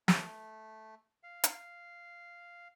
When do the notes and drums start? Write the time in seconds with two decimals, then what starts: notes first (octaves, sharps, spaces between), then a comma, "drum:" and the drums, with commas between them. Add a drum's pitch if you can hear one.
0.08 A3, drum: snare
1.23 F5
1.44 drum: hi-hat